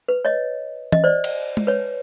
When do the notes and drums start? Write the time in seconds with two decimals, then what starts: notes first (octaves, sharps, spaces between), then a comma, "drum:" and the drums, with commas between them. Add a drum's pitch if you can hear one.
0.08 B4
0.25 C#5 D#5
0.92 D#5, drum: tom E3
1.04 C5 D5
1.24 drum: cymbal
1.57 drum: tom G#3
1.67 B4 C#5